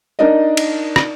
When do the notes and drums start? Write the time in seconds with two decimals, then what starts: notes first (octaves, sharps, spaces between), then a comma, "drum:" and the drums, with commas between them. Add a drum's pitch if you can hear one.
0.19 D4 D#4 A#4 D5 D#5
0.57 drum: cymbal
0.96 drum: rim click